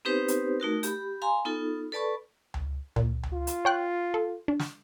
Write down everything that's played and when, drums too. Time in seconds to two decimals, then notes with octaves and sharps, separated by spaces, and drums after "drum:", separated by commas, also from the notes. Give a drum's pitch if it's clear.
0.05 B3 C4 D#4 G4 B4 C5
0.28 drum: hi-hat
0.60 A3 D#4 F#4 A#4
0.83 G4 B5, drum: hi-hat
1.22 F5 G#5 A#5 C6
1.45 B3 D#4 F4 A4
1.92 A4 B4 D5 A5 B5 C#6
2.54 drum: tom C#2
2.96 A#2, drum: tom C#2
3.23 drum: tom C#2
3.33 F4
3.47 drum: hi-hat
3.65 C#5 G5 F#6
4.14 A4
4.48 D4
4.60 drum: snare